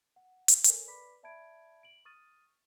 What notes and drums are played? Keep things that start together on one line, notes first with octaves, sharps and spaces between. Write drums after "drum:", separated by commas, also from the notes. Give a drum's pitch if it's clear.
F#5
drum: hi-hat
A4 A#4 C#5 G#5, drum: hi-hat
B4 D5 B5 D6 B6
D5 E5 A5 B5 G#6 D7
D7 F#7
C#6 D#6 F6 A6 D#7